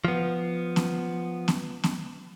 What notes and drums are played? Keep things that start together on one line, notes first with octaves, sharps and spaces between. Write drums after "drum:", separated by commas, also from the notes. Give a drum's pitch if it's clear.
F3 B3
drum: snare B3
drum: snare B3
drum: snare B3